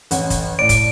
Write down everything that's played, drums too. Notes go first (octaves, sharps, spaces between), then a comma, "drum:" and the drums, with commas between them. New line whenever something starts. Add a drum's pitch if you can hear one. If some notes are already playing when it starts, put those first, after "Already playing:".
A1 C#4 F#5, drum: hi-hat
drum: kick, hi-hat
A2 D5 D7
drum: kick, hi-hat